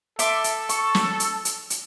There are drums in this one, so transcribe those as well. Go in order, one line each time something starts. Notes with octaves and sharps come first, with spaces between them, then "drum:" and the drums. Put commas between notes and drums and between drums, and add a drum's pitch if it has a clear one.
A4 E5 C6 D6, drum: hi-hat
drum: hi-hat
C#6, drum: hi-hat
drum: snare
drum: hi-hat
drum: hi-hat
drum: hi-hat